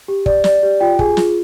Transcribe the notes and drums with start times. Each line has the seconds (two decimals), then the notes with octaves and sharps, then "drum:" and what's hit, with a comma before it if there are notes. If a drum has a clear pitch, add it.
0.08 G4
0.26 D5, drum: kick
0.44 D5, drum: snare
0.63 G4
0.80 F4 G5
0.99 G#4 G#5, drum: kick
1.17 F4, drum: snare